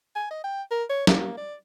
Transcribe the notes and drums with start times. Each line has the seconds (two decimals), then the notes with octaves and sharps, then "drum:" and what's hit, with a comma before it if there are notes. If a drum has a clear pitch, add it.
0.16 G#5
0.30 D#5
0.44 G5
0.71 A#4
0.89 C#5
1.07 A#3, drum: snare
1.37 D5